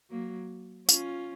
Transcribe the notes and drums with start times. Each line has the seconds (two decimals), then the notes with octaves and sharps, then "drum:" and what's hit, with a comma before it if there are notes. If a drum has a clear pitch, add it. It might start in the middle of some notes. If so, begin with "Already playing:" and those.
0.10 F#3 A#3
0.89 C#4 F4, drum: tambourine